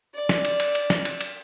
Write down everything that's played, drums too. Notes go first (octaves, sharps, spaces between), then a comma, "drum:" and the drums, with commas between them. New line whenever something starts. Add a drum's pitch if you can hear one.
D5
drum: snare
drum: cymbal
drum: cymbal
drum: cymbal
drum: snare
drum: cymbal
drum: cymbal